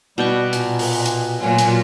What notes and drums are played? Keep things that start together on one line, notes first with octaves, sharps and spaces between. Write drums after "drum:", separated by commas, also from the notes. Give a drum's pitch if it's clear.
B2 G3 G5 C#6
A#2, drum: hi-hat
drum: open hi-hat
drum: hi-hat
A#2 F#3 F4 G#5
drum: hi-hat